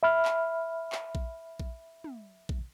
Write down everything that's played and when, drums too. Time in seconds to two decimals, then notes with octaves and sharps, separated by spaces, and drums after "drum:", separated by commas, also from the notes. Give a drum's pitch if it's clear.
0.03 E5 B5 F6
0.25 drum: clap
0.92 drum: clap
1.15 drum: kick A#1
1.60 drum: kick A#1
2.04 drum: tom
2.49 drum: kick A#1